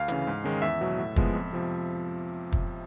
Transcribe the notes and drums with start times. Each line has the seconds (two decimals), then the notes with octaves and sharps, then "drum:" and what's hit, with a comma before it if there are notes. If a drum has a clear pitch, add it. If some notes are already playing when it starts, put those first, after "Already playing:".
Already playing: D2 F5
0.08 C#3 E3, drum: hi-hat
0.27 G#2
0.44 D#3 G#3 C#4
0.62 E2 E5
0.81 B2 F#3
0.98 A2
1.16 F3 G#3 B3, drum: kick
1.35 F2
1.53 C3 F3
2.52 drum: kick